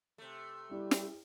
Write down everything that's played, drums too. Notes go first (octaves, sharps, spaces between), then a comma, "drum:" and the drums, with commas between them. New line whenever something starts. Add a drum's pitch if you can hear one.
C3 A3
G3 E4
drum: snare